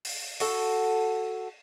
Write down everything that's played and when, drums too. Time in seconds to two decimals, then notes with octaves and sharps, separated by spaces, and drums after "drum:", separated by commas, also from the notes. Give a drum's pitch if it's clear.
0.05 drum: open hi-hat
0.40 F#4 A4, drum: open hi-hat